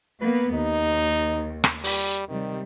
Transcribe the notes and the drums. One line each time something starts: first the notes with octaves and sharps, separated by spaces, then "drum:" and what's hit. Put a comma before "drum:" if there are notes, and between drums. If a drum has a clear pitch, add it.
A#3 B3 B4
D#2 D#4
drum: rim click
G3, drum: open hi-hat
C3 D#3 G3